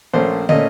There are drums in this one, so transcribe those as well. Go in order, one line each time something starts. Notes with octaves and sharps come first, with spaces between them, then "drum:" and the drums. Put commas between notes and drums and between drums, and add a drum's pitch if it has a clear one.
A#1 A#2 A3 C#4 C5
A#2 A3 C#4 D#5, drum: tom